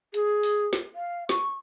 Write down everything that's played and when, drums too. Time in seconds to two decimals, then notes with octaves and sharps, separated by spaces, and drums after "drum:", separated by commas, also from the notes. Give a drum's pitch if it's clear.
0.14 G#4, drum: hi-hat
0.43 drum: open hi-hat
0.73 drum: snare
0.96 F5
1.29 C#6, drum: snare